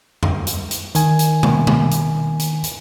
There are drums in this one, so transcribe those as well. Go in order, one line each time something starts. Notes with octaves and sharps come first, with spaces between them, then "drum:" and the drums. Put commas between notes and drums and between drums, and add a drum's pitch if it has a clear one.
drum: tom F2
drum: hi-hat
drum: hi-hat
D#3 G#5, drum: hi-hat
drum: hi-hat
drum: tom
drum: tom
drum: hi-hat
drum: hi-hat
drum: hi-hat